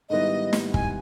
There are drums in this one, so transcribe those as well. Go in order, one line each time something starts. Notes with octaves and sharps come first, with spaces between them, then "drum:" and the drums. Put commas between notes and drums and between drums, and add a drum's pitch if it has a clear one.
G#2 D#3 G3 B3 E4 D#5
drum: snare
G#5, drum: kick